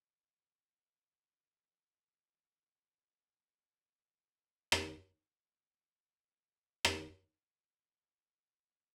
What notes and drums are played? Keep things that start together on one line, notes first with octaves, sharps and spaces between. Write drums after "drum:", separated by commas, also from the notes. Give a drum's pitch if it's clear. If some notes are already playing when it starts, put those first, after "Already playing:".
F#2 A2 A#3 A4 D#6
E3 F3 A3 B3 C#4
A1 D3 E4 D#6 F#6
A3
A3 A6
A#1 G2 F5
D3
F3
C2
E2
A#1
D#3
E4
C4
G2
G4 D#6
drum: rim click
G#1 D2 C3 D#3 F3
A#4 D#5
drum: rim click
D5 D#5